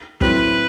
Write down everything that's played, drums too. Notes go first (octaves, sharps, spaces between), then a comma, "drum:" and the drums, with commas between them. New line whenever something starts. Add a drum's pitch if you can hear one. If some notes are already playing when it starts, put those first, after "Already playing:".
A2 F#3 C4 G4 B4, drum: kick